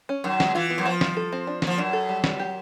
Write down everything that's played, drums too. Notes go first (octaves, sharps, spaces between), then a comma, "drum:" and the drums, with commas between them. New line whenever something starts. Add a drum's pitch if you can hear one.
C#4
F#2 D#3
G#3, drum: snare
E3 F4
B3
F#2
F3 F4
G3, drum: snare
A4
C4
D4
F3 A#3, drum: snare
F#2 D4
A4
G3
G3, drum: snare
G4